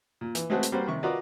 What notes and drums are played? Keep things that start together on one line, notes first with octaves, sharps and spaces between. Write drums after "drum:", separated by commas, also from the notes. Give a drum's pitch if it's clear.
A#2
E3, drum: hi-hat
G#3 A3 C4 F#4 G#4 B4
drum: hi-hat
G3 A#3 F#4 B4 C5
C3 D#3 C#6
F4 F#4 A#4 B4 D5 D#5